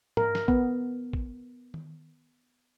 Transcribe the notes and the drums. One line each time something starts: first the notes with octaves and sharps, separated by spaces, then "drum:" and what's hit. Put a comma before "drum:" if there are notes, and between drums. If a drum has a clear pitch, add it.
A#4, drum: tom G#2
drum: snare
B3, drum: kick
drum: kick
drum: tom D#3